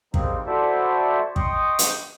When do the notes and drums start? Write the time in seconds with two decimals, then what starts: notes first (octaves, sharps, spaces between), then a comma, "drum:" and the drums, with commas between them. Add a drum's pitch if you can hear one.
0.14 G3 G#3 A#3 C4 D#4, drum: kick
0.47 E4 F#4 A4 C5 D5 E5
1.36 D#5 G5 C6 C#6 D#6, drum: kick
1.79 drum: hi-hat